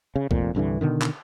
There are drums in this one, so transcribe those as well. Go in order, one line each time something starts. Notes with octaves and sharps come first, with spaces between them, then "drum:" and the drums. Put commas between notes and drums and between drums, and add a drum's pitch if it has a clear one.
C#3
F1 F2 A#2, drum: kick
C2 G2 D3 E3
B2 D3 D#3
drum: clap